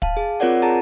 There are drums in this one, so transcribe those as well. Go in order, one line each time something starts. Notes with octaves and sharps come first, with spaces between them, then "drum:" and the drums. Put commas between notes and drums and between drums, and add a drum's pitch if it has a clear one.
F5 A5, drum: kick
G#4
C4 F4 A#4 C#5 D5 F#5
G#4 A5 A#5